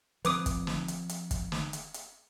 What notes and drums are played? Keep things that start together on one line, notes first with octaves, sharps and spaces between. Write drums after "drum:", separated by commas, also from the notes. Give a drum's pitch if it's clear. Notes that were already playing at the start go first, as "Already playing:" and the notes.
F3 C4 B4 D6 D#6, drum: hi-hat
drum: kick, hi-hat
drum: snare
drum: hi-hat
drum: hi-hat
drum: kick, hi-hat
drum: snare
drum: hi-hat
drum: hi-hat